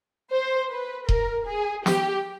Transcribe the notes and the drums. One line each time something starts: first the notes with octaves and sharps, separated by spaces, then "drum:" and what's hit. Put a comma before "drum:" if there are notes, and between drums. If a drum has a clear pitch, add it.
C5
B4
A#4, drum: kick D#1
G#4
G4, drum: snare